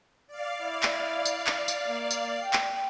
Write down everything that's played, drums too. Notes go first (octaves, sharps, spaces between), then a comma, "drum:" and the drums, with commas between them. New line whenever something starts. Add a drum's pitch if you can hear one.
D5 F5
E4
drum: clap
drum: tambourine
drum: clap
drum: tambourine
A#3
drum: tambourine
G5
drum: clap